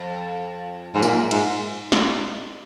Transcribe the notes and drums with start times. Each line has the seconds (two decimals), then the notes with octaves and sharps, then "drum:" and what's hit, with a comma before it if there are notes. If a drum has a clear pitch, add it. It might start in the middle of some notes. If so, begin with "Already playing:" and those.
Already playing: F2
0.94 F2 G#2
1.02 F#2 A#2, drum: tambourine
1.31 G#2, drum: cymbal
1.92 drum: snare